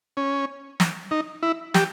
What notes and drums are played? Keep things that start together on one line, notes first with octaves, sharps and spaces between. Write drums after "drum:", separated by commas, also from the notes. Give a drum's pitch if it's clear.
C#4
drum: snare
D#4
E4
G4, drum: snare